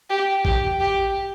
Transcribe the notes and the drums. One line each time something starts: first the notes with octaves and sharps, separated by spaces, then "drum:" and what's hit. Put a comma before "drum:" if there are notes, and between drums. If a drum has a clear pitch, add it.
G4
G4, drum: kick A1
G4